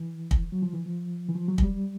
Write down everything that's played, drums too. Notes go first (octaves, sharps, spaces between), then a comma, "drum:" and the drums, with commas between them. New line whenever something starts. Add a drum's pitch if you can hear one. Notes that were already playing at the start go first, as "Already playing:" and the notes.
Already playing: E3
drum: kick
F#3
F3
E3
F3
E3
F3
F#3
F#3, drum: kick
G3